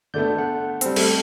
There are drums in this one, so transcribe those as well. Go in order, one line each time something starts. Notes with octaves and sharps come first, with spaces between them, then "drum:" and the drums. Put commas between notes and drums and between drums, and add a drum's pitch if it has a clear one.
D3 A3 B3 D5 G6
F#5
G3 C4, drum: hi-hat
A3, drum: cymbal